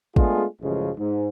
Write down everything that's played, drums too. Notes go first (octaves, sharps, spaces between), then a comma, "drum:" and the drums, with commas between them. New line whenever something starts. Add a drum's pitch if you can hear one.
G#3 A3 B3 D4 F4 G#4, drum: kick
A1 F#2 C#3 F3 G#3
G#2